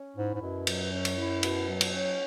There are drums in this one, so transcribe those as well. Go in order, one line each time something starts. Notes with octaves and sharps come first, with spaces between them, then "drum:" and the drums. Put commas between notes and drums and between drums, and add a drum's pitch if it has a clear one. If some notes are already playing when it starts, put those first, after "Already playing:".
Already playing: C#4
G#2 E4
G#2
F#2 B2
F#3, drum: cymbal
C#4
drum: cymbal
E4
B2, drum: cymbal
F#3
drum: cymbal
C#4